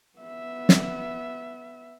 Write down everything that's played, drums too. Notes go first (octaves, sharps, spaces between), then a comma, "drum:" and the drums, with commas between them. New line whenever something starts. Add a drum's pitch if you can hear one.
B3 E5
drum: snare